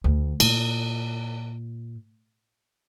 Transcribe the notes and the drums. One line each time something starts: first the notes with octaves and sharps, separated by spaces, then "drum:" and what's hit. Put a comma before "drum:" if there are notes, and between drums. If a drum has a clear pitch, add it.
D2
A#2, drum: cymbal